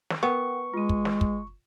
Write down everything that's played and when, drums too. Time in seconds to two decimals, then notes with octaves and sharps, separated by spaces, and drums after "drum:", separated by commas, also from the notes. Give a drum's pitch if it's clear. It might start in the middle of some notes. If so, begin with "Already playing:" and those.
0.10 drum: snare
0.23 B3 A#4 F#5 G5 C#6
0.74 G#3 F4 D#7
0.89 drum: kick
1.05 drum: snare
1.21 drum: kick